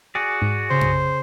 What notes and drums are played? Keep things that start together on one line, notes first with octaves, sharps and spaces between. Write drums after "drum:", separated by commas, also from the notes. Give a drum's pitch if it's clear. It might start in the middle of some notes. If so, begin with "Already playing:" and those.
F#4 G#4 D5 G#5
G#2
C#3 C5
drum: tom F#2